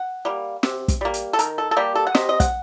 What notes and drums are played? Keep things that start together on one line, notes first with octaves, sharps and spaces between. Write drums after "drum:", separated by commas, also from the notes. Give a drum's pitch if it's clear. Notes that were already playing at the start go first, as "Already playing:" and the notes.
Already playing: F#5
G3 A#3
C3, drum: snare
drum: kick, hi-hat
G3 A#3
drum: hi-hat
A4
D#3 A#4, drum: hi-hat
A4
A4
G3 A#3 G4
A4
F#5
C3 D#5, drum: snare
D#5
F#5, drum: kick, hi-hat